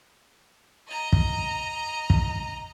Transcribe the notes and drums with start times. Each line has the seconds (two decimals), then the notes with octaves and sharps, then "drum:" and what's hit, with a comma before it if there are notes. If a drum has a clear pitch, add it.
0.88 D#5 A#5
1.13 drum: kick
2.10 drum: kick